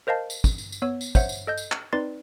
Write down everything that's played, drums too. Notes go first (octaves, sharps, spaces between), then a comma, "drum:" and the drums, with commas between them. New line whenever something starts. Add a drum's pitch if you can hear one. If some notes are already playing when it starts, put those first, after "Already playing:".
A#4 C5 D#5 F5 A5
drum: tambourine
drum: kick, tambourine
drum: tambourine
drum: tambourine
B3 C#5 E6
drum: tambourine
C5 C#5 E5 F#5, drum: kick, tambourine
drum: tambourine
A4 D#5 G6
drum: tambourine
drum: clap
C4 D#4 B4 D5 C6 A6